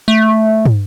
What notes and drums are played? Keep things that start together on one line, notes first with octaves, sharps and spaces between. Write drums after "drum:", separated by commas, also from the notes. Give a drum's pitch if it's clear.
A3
drum: tom